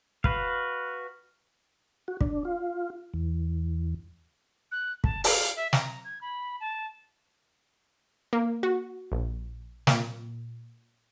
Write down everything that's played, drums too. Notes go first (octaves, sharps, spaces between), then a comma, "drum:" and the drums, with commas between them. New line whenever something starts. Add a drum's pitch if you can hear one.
F#4 B4 F5, drum: kick
F#4
D4, drum: kick
F4
E2
F#6
A5, drum: kick
F5, drum: open hi-hat
E5
A#5, drum: snare
G#6
B5
A5
A#3
F#4
A#1
A#2, drum: snare